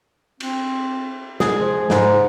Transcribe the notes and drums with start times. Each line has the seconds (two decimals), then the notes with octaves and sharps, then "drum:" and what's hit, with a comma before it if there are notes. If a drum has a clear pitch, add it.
0.40 C4, drum: cymbal
1.40 G#4, drum: snare
1.60 F3
1.90 G#2, drum: snare